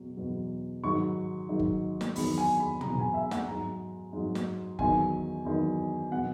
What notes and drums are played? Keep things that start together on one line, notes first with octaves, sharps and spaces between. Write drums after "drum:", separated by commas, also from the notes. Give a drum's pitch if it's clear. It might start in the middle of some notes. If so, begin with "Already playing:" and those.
Already playing: E2 B2 F#3
E2 B2 F#3
G#2 D#3 F#3 C#6
G#2 D#3 F#3
drum: kick G1
drum: snare
E2 D#3 F#3 B5, drum: open hi-hat
G#5
B5
E2 D#3 F#3 A#5, drum: tom
G#5
E5
F#5, drum: snare
G#2 F#3 A#5
G#2 F#3
drum: snare
E2 D#3 F#3 G#5, drum: kick G1
E2 D#3 F#3
B2 F#3 F#5